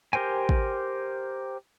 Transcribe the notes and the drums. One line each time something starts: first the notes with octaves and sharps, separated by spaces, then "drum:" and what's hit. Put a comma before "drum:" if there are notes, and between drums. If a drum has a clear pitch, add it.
G4 A#4 C5 G5 G#5
drum: kick